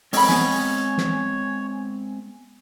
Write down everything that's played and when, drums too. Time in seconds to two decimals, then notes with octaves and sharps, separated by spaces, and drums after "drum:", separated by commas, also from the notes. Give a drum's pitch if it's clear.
0.13 G#3 C4 C#5 D#5 G5 B5, drum: open hi-hat
0.29 B3 G#5, drum: snare
0.98 drum: snare